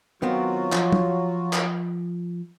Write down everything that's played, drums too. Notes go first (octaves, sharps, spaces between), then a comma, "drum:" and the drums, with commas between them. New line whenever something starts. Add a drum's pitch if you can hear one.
D#3 F#3 B3 C4 F4 F#4
F3, drum: clap
drum: tom
drum: clap